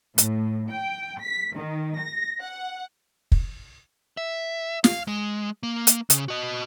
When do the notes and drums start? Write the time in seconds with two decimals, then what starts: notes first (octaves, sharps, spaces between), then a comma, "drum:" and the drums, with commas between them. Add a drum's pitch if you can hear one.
0.18 A2, drum: hi-hat
0.71 G5
1.23 B6
1.57 D#3
2.01 A#6
2.41 F#5
3.32 drum: kick
4.17 E5
4.84 F5, drum: snare
5.08 G#3
5.63 A#3
5.87 drum: hi-hat
6.10 C#3, drum: hi-hat
6.28 F#4 D#5